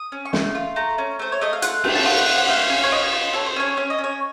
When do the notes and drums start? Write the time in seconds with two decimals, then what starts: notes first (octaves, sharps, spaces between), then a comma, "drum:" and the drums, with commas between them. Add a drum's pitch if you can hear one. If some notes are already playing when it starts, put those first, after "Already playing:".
Already playing: D#6
0.12 C#4
0.25 C#6
0.33 A3 C6, drum: snare
0.55 F4
0.76 A3 A#5
0.98 C#4
1.19 A3 C5
1.32 C#5
1.41 A3 D#5
1.53 F5
1.62 F4 F#5, drum: hi-hat
1.84 A3, drum: cymbal
1.95 A5
2.05 F4 F#5
2.28 F4
2.38 F#5
2.48 A3 F5
2.70 C#4
2.83 C#5
2.91 F4 D#5
3.12 F4
3.33 A4 C#5
3.46 C5
3.56 C#4 C#5
3.77 C#4 C#5
3.90 D#5
3.98 C#4
4.04 C#5